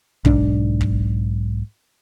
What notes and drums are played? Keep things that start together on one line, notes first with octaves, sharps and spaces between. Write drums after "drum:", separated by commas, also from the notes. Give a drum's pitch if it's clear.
B1 G#2 D4, drum: kick
drum: kick